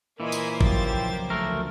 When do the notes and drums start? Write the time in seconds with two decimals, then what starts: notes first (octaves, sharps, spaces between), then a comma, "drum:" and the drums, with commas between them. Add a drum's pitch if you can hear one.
0.20 A#2 E3 A#3 C5 D#5 G#5 B5
0.32 drum: tambourine
0.61 C#3 F3 F#3 G4 A6, drum: kick
1.30 D2 A3 A#4